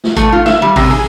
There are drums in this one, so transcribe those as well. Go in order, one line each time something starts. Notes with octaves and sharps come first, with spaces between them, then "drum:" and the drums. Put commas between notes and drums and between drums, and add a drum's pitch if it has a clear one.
drum: snare
A3, drum: kick G#1, hi-hat
F4
E5, drum: snare
G3
C3, drum: kick G#1, open hi-hat
G#4